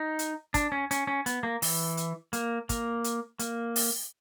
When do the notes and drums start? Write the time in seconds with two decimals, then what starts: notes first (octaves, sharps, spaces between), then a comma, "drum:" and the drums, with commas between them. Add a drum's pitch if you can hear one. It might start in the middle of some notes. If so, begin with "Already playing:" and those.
Already playing: D#4
0.19 drum: hi-hat
0.54 D4, drum: kick, hi-hat
0.72 C#4
0.91 C#4, drum: hi-hat
1.07 C#4
1.26 B3, drum: hi-hat
1.43 A#3
1.62 E3, drum: open hi-hat
1.97 drum: hi-hat
2.33 A#3, drum: hi-hat
2.69 A#3, drum: kick, hi-hat
3.04 drum: hi-hat
3.39 A#3, drum: hi-hat
3.76 drum: open hi-hat